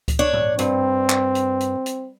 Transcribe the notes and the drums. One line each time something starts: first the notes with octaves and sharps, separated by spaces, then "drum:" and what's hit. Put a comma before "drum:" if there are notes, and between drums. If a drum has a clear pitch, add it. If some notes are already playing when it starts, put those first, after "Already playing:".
drum: kick C#2, hi-hat
D4 C#5
drum: tom G#2
G2 C4, drum: hi-hat
drum: clap
drum: hi-hat
drum: hi-hat
drum: hi-hat